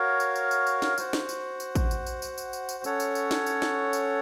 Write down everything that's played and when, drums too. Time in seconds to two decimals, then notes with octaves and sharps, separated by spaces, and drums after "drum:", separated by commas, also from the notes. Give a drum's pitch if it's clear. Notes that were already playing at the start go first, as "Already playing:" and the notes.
Already playing: F#4 A#4 C#5 F5
0.20 drum: tambourine
0.36 drum: tambourine
0.51 drum: tambourine
0.67 drum: tambourine
0.82 drum: snare
0.98 F#4 C5 F#5, drum: tambourine
1.13 drum: snare
1.29 drum: tambourine
1.60 drum: tambourine
1.75 drum: kick, tambourine
1.91 drum: tambourine
2.07 drum: tambourine
2.22 drum: tambourine
2.38 drum: tambourine
2.53 drum: tambourine
2.69 drum: tambourine
2.84 C#4 A4 C#5 F#5, drum: tambourine
3.00 drum: tambourine
3.15 drum: tambourine
3.31 drum: snare
3.46 drum: tambourine
3.62 drum: snare
3.93 drum: tambourine